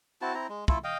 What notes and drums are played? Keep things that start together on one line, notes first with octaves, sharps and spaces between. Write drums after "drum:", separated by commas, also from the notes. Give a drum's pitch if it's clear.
C4 E4 F#4 A5
C4 E4 A#5
G#3
A3 E4 F4 A4, drum: kick
D#5 F5 G5